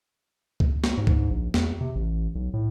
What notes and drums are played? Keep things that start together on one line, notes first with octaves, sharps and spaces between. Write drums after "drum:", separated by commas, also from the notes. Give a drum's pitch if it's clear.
drum: kick C#2
drum: snare
G#2
drum: kick C#2
A#1
E2, drum: snare
C3
A1
B1
A2